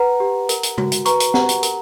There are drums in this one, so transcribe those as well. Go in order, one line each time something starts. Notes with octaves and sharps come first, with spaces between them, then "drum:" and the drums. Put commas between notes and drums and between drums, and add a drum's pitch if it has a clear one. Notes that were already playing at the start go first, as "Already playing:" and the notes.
Already playing: B4 F#5 A#5
G4
A#4, drum: hi-hat
drum: hi-hat
F#4, drum: tom C3
drum: hi-hat
B4 A#5 C#6, drum: hi-hat
drum: hi-hat
G4 F#5 A#5, drum: snare
drum: hi-hat
A#4, drum: hi-hat